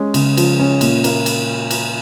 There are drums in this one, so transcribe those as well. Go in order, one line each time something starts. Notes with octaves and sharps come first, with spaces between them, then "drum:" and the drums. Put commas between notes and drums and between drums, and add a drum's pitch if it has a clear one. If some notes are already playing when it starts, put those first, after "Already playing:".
Already playing: G#3 C#4
C#3, drum: cymbal
F3, drum: cymbal
C#4
A#2, drum: cymbal
A#3, drum: cymbal
drum: cymbal
drum: cymbal